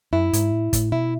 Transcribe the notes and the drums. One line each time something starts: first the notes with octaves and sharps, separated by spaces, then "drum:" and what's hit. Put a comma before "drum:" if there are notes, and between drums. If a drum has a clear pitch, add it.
F#2 E4
G#2, drum: hi-hat
A2
A2, drum: kick, hi-hat
B2 E4